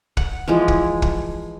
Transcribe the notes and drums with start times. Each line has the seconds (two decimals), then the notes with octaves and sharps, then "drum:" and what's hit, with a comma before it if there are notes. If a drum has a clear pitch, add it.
0.17 F#5, drum: kick
0.48 E3 F3 G#3
0.68 drum: kick
1.02 drum: kick